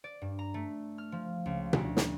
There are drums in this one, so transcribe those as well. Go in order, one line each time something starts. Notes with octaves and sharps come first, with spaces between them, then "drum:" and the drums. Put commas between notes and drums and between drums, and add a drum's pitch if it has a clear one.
D5
G2
A#5
A3
F6
F3
C#2
D2, drum: tom B2
drum: snare